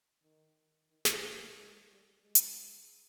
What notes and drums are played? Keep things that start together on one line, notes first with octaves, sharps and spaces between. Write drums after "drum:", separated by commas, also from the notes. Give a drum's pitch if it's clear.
D#3
D#3
drum: snare
G3
G#3
G3
G#3
drum: hi-hat